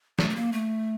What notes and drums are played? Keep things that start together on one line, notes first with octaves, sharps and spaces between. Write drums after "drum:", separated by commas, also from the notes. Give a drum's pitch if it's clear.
A3, drum: snare
A3
A#3
A3